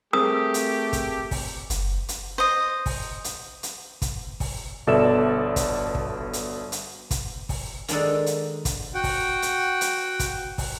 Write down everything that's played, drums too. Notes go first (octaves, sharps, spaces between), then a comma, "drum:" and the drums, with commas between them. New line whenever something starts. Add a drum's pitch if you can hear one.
A3 C4 G4 G#4 A#4 D#6
drum: hi-hat
drum: kick, hi-hat
drum: kick, open hi-hat
F#1, drum: hi-hat
drum: hi-hat
C5 D#5
drum: kick, open hi-hat
drum: hi-hat
drum: hi-hat
drum: kick, hi-hat
drum: kick, open hi-hat
G1 B2 A4 D5 E5 E7
drum: kick, hi-hat
drum: kick
drum: hi-hat
drum: hi-hat
drum: kick, hi-hat
drum: kick, open hi-hat
D#3 G#3 D4 D#4 A4, drum: hi-hat
drum: hi-hat
drum: kick, hi-hat
F#4 F#5 G5
drum: kick, open hi-hat
drum: hi-hat
drum: hi-hat
drum: kick, hi-hat
drum: kick, open hi-hat